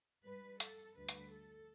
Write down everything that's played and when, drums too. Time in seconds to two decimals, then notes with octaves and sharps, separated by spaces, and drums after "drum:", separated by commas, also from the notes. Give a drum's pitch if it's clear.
0.24 G2 G3 B4
0.60 A4, drum: hi-hat
0.96 D2 D3 G3 B4
1.09 drum: hi-hat
1.32 A4